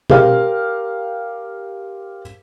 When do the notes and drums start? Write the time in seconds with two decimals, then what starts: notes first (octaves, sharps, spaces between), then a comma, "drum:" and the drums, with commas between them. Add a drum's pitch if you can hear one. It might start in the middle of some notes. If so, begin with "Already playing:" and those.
0.10 G4 A#4 C5 F5, drum: tom B2